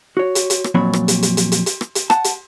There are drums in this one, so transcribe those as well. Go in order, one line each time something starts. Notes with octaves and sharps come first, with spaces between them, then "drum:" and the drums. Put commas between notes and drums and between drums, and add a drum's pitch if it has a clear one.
F#4 C#5
drum: hi-hat
drum: hi-hat
drum: rim click
F2 A#2 F#3 C4 C#5 B5
drum: rim click
drum: hi-hat
drum: hi-hat
drum: hi-hat
drum: hi-hat
drum: hi-hat
drum: rim click
drum: hi-hat
F#5 A5, drum: rim click
drum: hi-hat